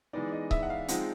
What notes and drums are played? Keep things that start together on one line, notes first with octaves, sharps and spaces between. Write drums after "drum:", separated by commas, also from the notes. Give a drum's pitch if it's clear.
E3 G#3 B3 D#4 D5
D#5
E5, drum: kick C#1
F#5
F5
F3 G#3 C4 D#4 F#5, drum: hi-hat